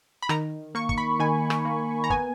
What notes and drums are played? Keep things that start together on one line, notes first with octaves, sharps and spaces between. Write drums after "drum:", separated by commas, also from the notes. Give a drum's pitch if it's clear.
B5
D#3 A#5, drum: rim click
A#3 C#6
C#6, drum: kick
B5
D#3 G#5
drum: rim click
A#3
A#5
B3 G#5, drum: kick